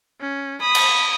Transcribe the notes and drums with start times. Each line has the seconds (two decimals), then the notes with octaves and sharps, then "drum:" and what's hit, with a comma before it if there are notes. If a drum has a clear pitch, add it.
0.21 C#4
0.62 B5 D#6
0.75 drum: cymbal